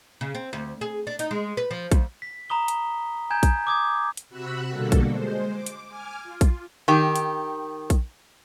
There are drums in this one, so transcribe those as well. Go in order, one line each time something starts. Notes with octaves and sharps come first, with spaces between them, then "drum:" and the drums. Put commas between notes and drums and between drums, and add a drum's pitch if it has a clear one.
C#3
C4
D2
G#4
D4
D#4, drum: hi-hat
G#3
B4
F3
D2, drum: kick A#1, hi-hat
B6
A#5 B5 D#6 G7
drum: hi-hat
G#5 A#5 G6 G#6
drum: kick A#1, hi-hat
D6 D#6 G#6
drum: hi-hat
C3 F#4 B5 E6 F#6
B2 D3 G3 A#3 F#4 A4
drum: kick A#1, hi-hat
G#3 C5
D6
drum: hi-hat
G#5 D6 F6
F4
drum: kick A#1, hi-hat
D#3 G4
drum: hi-hat
drum: kick A#1, hi-hat